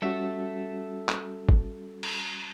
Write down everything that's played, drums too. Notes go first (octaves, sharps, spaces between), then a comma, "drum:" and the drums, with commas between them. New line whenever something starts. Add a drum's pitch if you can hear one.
G3 C#4 F#4 A4 E5
drum: clap
drum: kick
drum: cymbal